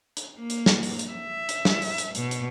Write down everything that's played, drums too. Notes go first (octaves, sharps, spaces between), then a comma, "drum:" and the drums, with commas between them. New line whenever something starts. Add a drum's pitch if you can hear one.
drum: hi-hat
A#3
drum: hi-hat
drum: snare
drum: open hi-hat
drum: hi-hat
E5
drum: hi-hat
drum: snare
drum: open hi-hat
drum: hi-hat
B2, drum: hi-hat
drum: hi-hat